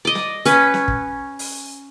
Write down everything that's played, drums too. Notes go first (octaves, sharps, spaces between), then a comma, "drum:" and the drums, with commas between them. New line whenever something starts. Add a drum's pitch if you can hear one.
D5 D#5
drum: snare
C#4 B4, drum: hi-hat
drum: snare
drum: kick
drum: open hi-hat